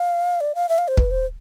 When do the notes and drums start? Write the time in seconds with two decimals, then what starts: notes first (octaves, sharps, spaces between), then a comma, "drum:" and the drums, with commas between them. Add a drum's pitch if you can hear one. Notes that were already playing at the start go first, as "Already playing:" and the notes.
Already playing: F5
0.41 D5
0.55 F5
0.69 E5
0.78 F5
0.88 C5
0.97 B4, drum: kick
1.11 C5